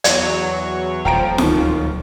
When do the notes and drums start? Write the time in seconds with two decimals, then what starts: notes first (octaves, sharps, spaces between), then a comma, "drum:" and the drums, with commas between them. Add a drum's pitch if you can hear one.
0.04 E2 F#3 C#5 D5, drum: hi-hat
1.05 D#1 F3 G5 A#5 D7
1.38 D1 D#3, drum: snare